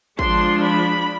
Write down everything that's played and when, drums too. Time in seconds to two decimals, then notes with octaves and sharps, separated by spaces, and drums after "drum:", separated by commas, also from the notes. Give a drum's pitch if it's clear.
0.19 F3 G#3 D4 C6, drum: kick
0.64 B5